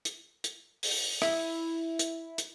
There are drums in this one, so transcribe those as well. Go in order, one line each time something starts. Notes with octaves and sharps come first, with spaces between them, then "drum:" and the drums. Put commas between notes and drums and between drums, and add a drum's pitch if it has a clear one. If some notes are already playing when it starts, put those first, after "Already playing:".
drum: hi-hat
drum: hi-hat
drum: open hi-hat
E4, drum: rim click
drum: hi-hat
drum: hi-hat